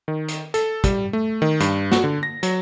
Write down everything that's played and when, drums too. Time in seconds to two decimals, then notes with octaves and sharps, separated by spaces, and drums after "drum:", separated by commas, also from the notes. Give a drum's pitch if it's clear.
0.08 D#3
0.28 drum: hi-hat
0.54 A4, drum: hi-hat
0.84 G3, drum: kick, hi-hat
1.13 A3
1.42 D#3
1.60 G2, drum: hi-hat
1.92 F#4, drum: snare
2.04 D3
2.23 A#6
2.43 F#3, drum: hi-hat